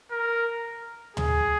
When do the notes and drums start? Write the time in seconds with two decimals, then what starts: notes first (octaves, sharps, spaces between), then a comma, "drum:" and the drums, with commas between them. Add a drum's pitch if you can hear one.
0.11 A#4
1.17 G#4, drum: tom